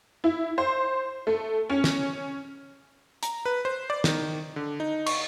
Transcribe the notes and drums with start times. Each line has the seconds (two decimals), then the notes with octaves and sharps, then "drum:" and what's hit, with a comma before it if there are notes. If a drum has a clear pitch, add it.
0.24 E4
0.58 C5
1.27 A3
1.70 C#4
1.84 drum: snare
3.23 A#5, drum: hi-hat
3.45 B4
3.65 C5
3.90 D5
4.04 D#3, drum: snare
4.56 D3
4.80 D#4
5.06 C#6, drum: cymbal